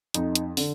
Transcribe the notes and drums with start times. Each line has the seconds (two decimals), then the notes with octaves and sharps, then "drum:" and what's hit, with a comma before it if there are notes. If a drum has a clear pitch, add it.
0.14 F2 D#4, drum: hi-hat
0.35 drum: hi-hat
0.57 D3, drum: open hi-hat